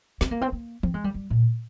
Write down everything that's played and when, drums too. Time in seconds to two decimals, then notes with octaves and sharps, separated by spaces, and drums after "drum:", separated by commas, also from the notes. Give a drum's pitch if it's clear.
0.21 C4, drum: snare
0.31 A#3
0.42 C4
0.52 A#3
0.83 C4, drum: tom E3
0.94 G#3
1.04 G3
1.14 G3
1.30 A#2